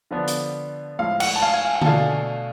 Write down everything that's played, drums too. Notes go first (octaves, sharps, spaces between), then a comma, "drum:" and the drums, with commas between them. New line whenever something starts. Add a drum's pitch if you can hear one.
D3 F3 B3 D4
drum: hi-hat
A2 F3 G#3 F5
F#5, drum: cymbal
A5
F5 G#5
F5 G#5
F5
F#5
A5, drum: tom D3
B2 A3 D4 F5 G#5